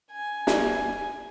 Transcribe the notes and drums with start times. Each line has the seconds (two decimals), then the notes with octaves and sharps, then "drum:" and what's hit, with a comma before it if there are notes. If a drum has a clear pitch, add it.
0.11 G#5
0.47 drum: snare